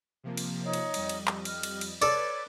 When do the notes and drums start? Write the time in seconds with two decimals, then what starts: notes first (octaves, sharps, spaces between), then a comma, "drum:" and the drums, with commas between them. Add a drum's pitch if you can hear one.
0.23 C3 F3 A#3
0.37 drum: cymbal
0.63 D#4 C#5
0.73 drum: cymbal
0.94 F2 G3 D#5, drum: cymbal
1.09 drum: cymbal
1.27 drum: clap
1.45 F6, drum: cymbal
1.63 drum: cymbal
1.81 drum: cymbal
2.02 A4 B4 C#5 D5, drum: cymbal